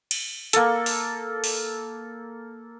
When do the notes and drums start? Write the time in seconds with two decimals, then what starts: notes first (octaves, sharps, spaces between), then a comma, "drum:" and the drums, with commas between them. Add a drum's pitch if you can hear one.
0.11 drum: cymbal
0.53 A#3 A4, drum: hi-hat
0.86 drum: open hi-hat
1.44 drum: open hi-hat